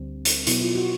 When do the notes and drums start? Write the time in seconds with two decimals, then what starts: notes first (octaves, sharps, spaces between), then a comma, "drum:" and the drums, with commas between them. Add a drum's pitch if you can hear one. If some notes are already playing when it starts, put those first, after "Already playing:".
Already playing: D2 D3 G3 C4
0.25 drum: hi-hat
0.47 B2 F#3 B3 E4, drum: hi-hat
0.62 F4
0.75 F#4